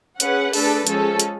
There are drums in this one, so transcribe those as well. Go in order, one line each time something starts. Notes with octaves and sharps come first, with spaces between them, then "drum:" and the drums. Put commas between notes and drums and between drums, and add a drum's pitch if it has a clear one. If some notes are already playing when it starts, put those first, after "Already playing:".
C#4 G#4 B4 F#5, drum: hi-hat
A3 D4 G#4 A4 B4, drum: open hi-hat
F3 G#3 C#4 G#4 A4, drum: hi-hat
drum: hi-hat